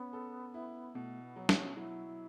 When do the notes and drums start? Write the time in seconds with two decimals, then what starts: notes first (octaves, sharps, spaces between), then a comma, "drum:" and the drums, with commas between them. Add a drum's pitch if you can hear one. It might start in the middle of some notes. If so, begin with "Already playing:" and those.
Already playing: B3 C#4
0.13 A4
0.54 E4
0.94 B2 A3
1.22 B3
1.36 F#3
1.49 C#4, drum: snare
1.76 F#3 E4